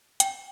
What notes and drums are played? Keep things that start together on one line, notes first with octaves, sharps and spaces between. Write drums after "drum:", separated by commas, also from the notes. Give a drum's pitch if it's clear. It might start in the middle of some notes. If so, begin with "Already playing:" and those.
G5, drum: hi-hat